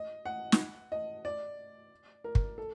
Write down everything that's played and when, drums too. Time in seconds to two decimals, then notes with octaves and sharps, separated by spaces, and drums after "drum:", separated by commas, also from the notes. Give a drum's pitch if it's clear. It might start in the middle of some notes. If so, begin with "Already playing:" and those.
Already playing: D#5
0.25 F#5
0.52 drum: snare
0.92 D#5
1.25 D5
2.24 A#4
2.35 drum: kick
2.58 A4